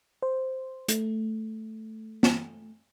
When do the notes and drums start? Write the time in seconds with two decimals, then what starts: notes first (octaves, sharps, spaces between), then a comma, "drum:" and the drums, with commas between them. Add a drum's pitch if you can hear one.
0.22 C5
0.88 A3, drum: hi-hat
2.23 drum: snare